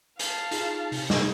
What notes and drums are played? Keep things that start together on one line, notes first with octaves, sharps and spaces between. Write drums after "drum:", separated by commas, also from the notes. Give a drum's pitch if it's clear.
F5 A5, drum: hi-hat
D#4 F4 G#4, drum: hi-hat
C3, drum: open hi-hat
drum: snare